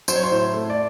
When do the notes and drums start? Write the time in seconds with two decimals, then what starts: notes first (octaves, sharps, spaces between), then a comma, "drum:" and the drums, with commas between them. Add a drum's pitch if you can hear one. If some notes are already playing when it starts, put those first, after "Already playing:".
0.08 F#3 C5, drum: tambourine
0.16 C#5
0.24 C5
0.31 A2
0.54 A3
0.70 D5